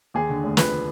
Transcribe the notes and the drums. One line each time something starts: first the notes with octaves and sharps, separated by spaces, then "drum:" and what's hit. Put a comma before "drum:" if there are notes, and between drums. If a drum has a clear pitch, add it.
D#2 G#4
D3
F1
F3 B4, drum: snare